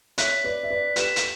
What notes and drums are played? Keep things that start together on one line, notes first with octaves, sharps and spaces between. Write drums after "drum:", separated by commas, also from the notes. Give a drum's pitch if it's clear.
C#5 E5 F#6 B6 F#7, drum: hi-hat
B4 D5
E5
B4 D5
G4 B4 F#6 B6 E7, drum: hi-hat
drum: hi-hat